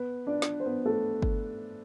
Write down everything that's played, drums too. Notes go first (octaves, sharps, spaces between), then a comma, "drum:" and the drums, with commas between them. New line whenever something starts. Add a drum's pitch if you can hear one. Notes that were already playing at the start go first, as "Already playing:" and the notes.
Already playing: B3 B4
D4 D5
drum: snare
C5
B3 B4
A3 A4
drum: kick G1